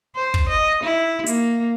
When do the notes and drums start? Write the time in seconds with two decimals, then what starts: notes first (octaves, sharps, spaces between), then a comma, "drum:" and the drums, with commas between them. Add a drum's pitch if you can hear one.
0.16 C5
0.34 drum: kick
0.49 D#5
0.83 E4
1.27 A#3, drum: hi-hat